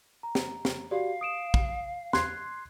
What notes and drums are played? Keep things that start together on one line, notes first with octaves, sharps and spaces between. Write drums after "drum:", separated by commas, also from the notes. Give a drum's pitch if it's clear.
A#5
drum: snare
drum: snare
F#4 G4 D5 F5
D#6 D7 E7
drum: kick
C6 F#6 G#6 C7, drum: snare